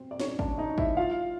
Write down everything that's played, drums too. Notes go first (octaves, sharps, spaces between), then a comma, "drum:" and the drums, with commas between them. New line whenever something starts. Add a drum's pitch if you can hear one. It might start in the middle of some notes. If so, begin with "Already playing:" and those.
Already playing: C4 C5
D5
C#4 C#5, drum: snare
D4 D5, drum: kick
D#4 D#5
E4 E5, drum: kick
F4 F5